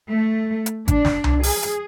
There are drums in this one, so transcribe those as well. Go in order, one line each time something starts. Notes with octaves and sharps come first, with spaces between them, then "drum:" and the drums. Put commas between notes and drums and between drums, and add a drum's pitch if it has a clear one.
A3
drum: hi-hat
D4, drum: kick G#1, hi-hat
drum: snare
drum: tom C2
G#4, drum: open hi-hat
drum: hi-hat